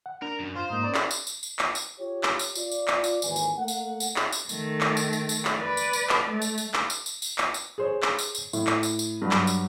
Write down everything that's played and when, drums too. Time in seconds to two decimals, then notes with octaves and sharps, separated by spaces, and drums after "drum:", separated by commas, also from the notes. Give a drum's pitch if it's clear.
0.06 F#5
0.22 D4 A#4
0.40 F#2
0.56 F4 C5
0.70 G#2 A#3 D#4
0.83 C#4 A#4 D5
0.95 drum: clap
1.11 drum: tambourine
1.27 drum: tambourine
1.43 drum: tambourine
1.59 drum: clap
1.75 drum: tambourine
1.99 F4 G4 C#5
2.23 drum: clap
2.39 drum: tambourine
2.55 F4 D5, drum: tambourine
2.72 drum: tambourine
2.88 drum: clap
3.04 drum: tambourine
3.22 G#1 D#2 E3 G#5, drum: tambourine
3.36 drum: tambourine
3.57 A3 A#3 F#5
3.68 drum: tambourine
4.00 drum: tambourine
4.16 drum: clap
4.32 drum: tambourine
4.49 D#3 A3, drum: tambourine
4.81 drum: clap
4.97 drum: tambourine
5.13 drum: tambourine
5.29 drum: tambourine
5.45 drum: clap
5.56 B4 D5
5.77 drum: tambourine
5.93 drum: tambourine
6.09 drum: clap
6.29 A3
6.42 drum: tambourine
6.58 drum: tambourine
6.74 drum: clap
6.90 drum: tambourine
7.06 drum: tambourine
7.22 drum: tambourine
7.38 drum: clap
7.54 drum: tambourine
7.78 G#4 C5 C#5
8.02 drum: clap
8.19 drum: tambourine
8.35 drum: tambourine
8.53 A2, drum: tambourine
8.67 drum: clap
8.83 drum: tambourine
8.99 drum: tambourine
9.22 G2 F#3
9.31 drum: clap
9.47 drum: tambourine